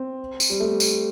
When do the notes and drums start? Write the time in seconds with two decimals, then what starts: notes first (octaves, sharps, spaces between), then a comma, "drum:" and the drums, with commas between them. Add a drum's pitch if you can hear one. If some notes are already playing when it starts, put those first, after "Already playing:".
Already playing: C4
0.40 drum: tambourine
0.50 G3
0.60 A3
0.80 drum: tambourine